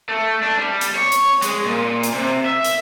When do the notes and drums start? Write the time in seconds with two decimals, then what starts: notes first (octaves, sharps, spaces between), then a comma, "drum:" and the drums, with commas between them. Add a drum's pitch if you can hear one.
0.09 A3
0.43 D4
0.58 G3
0.81 drum: hi-hat
0.95 C#5
1.12 drum: hi-hat
1.42 G#3, drum: hi-hat
1.65 A#2
2.03 drum: hi-hat
2.14 C3
2.45 E5
2.64 drum: hi-hat